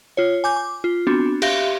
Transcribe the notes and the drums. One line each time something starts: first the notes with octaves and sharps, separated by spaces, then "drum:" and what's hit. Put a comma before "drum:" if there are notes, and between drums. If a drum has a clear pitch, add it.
F4 C#5
G#5 D6 G6
D6
F4
B3 C4 D4 F#4
G4 E5 F5 A#6, drum: cymbal